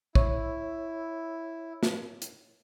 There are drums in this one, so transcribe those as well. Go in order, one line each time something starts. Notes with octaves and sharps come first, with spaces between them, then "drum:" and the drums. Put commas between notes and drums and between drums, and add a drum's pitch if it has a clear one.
E4 C#5, drum: kick
drum: snare
drum: hi-hat